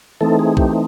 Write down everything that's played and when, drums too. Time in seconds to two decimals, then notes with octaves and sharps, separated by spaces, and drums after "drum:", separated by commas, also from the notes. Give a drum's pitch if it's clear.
0.21 E3 A3 C4 D#4 A4
0.39 G#4
0.57 G4, drum: kick B1